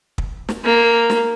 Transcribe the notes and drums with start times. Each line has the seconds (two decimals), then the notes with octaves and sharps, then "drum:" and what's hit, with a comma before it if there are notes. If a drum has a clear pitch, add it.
0.18 drum: kick
0.49 drum: snare
0.64 A#3
1.10 drum: snare